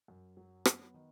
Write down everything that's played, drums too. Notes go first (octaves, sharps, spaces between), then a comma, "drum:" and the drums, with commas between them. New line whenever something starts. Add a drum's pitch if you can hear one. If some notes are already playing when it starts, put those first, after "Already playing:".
F#2
F#3
B3, drum: rim click
D#3